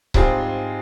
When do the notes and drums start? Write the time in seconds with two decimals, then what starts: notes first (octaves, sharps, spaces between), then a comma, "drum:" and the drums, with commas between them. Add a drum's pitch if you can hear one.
0.14 G#2 G3 C4 F4 G#4, drum: kick C#1